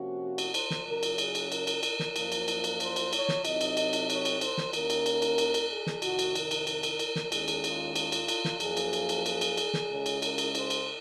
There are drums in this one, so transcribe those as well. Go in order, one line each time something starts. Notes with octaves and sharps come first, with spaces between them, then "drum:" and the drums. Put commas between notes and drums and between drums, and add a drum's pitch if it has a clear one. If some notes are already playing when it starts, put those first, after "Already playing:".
Already playing: C3 F3 A#3 C#4 F#4
drum: cymbal
C5, drum: cymbal
drum: snare
C#3 F#3 C#4 A#4
drum: cymbal
G#4, drum: cymbal
drum: cymbal
A#4, drum: cymbal
drum: cymbal
A#4, drum: cymbal
drum: snare
F#2 F3 A#3, drum: cymbal
drum: cymbal
drum: cymbal
drum: cymbal
C5, drum: cymbal
drum: cymbal
C#5, drum: cymbal
drum: snare
C3 F#3 C4 D#4 D#5, drum: cymbal
drum: cymbal
drum: cymbal
drum: cymbal
C#5, drum: cymbal
drum: cymbal
C5, drum: cymbal
drum: snare
D#2 D#3 A#3 C#4 A#4, drum: cymbal
drum: cymbal
drum: cymbal
drum: cymbal
drum: cymbal
drum: cymbal
G#4
drum: snare
F2 C3 D#3 F#4, drum: cymbal
drum: cymbal
A#4, drum: cymbal
drum: cymbal
A#4, drum: cymbal
drum: cymbal
drum: cymbal
drum: snare
D#2 D#3 G#3 C#4 G#4, drum: cymbal
drum: cymbal
F4, drum: cymbal
F4, drum: cymbal
drum: cymbal
drum: cymbal
drum: snare
F#2 F3 A#3 G#4, drum: cymbal
drum: cymbal
drum: cymbal
drum: cymbal
G#4, drum: cymbal
drum: cymbal
drum: cymbal
drum: snare
C#3 G#3 C#4
drum: cymbal
A#4, drum: cymbal
drum: cymbal
C5, drum: cymbal
drum: cymbal